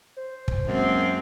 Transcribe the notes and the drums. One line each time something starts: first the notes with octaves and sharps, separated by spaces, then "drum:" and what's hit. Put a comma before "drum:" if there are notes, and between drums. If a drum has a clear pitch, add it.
C5
drum: kick
F#2 G#3 A#3 C4